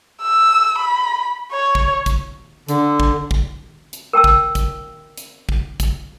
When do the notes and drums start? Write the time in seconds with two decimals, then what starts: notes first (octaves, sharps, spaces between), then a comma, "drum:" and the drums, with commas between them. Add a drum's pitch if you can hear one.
0.22 E6
0.78 B5
1.52 C#5
1.75 drum: kick
2.06 drum: kick, hi-hat
2.68 D3, drum: hi-hat
3.00 drum: kick
3.31 drum: kick
3.93 drum: hi-hat
4.13 A#4 G5 A5 E6
4.24 drum: kick
4.55 drum: kick, hi-hat
5.17 drum: hi-hat
5.49 drum: kick
5.80 drum: kick, hi-hat